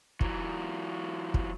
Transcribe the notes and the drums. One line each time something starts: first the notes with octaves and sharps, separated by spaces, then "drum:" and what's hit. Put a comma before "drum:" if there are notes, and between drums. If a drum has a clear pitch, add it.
E3 F#3, drum: kick
drum: kick